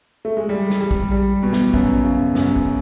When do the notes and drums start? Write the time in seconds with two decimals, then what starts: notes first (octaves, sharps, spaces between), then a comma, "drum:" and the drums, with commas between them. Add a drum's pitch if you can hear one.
0.25 A3
0.37 G#3
0.49 G3
0.70 drum: snare
0.80 G3
0.91 drum: kick
1.11 G3
1.43 B2
1.53 drum: snare
1.74 F#2, drum: kick
2.04 C#3
2.35 F#2, drum: snare
2.56 drum: kick